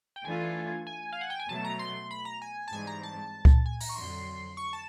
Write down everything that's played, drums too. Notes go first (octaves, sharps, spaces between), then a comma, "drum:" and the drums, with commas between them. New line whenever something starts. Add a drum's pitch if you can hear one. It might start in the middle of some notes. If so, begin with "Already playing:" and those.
G5
E3 A3 D4 F4 A4 G#5
G#5
F5
F#5
G5
G#5
B2 F#3 A3 A5
A#5
C6
B5
A#5
G#5
A5
G#2 E3 G3 C4 G#5
A#5
A5
drum: kick C#2
G#5
A#5, drum: open hi-hat
C#6
F2 D3 F#3 C6
C#6
A5